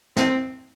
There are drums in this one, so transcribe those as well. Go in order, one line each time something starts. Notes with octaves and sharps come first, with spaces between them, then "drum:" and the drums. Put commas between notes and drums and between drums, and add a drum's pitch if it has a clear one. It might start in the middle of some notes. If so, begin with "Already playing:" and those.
C4, drum: snare